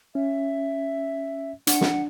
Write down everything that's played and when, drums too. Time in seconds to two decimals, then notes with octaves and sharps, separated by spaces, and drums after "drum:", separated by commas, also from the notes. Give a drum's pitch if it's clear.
0.15 C#4 E5
1.67 D4 F#5, drum: hi-hat
1.81 drum: snare